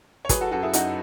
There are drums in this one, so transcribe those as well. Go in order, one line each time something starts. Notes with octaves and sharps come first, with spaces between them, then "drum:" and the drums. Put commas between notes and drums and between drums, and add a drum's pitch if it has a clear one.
C#5
F#3 G#4 B4, drum: kick, hi-hat
F#4 A4
F#2 F#4 A4
E4 G#4
F#2 D#4 F#4, drum: hi-hat